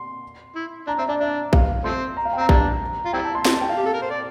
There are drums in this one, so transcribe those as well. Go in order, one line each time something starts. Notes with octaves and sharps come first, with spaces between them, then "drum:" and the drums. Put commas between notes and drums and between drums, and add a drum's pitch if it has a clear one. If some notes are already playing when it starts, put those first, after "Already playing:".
Already playing: C6
E4
D4 A#5
C4 E5
D4 D5
D4 E5
F5, drum: kick A#1
F3 A3 C4 C6
A#5
F5
G5
C4 A#5
G3 A#3 D4, drum: kick A#1
F4
G3 C4 E4 G5
A5
C6
C6, drum: snare
A5
G5
F5
G4
A4
A#4
C5
D5